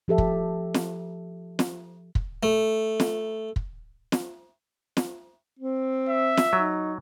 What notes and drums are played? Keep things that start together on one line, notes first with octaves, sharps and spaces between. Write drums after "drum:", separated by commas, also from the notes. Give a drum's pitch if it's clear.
F3 G4 A4 E5
drum: kick
drum: snare
drum: snare
drum: kick
A3
drum: snare
drum: kick
drum: snare
drum: snare
C4
E5
drum: snare
F#3 D#4